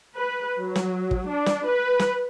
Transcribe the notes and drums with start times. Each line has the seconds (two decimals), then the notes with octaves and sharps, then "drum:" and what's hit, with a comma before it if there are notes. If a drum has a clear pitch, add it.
0.17 B4
0.59 F#3
0.75 drum: snare
1.11 drum: kick
1.29 D4
1.46 drum: snare
1.67 B4
1.99 drum: snare